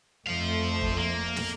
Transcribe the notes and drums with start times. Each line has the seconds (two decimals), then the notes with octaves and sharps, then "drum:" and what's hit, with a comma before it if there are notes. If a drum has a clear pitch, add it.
0.26 F2 A3 C5 F5
0.81 drum: kick F1
0.98 A#3
1.36 drum: snare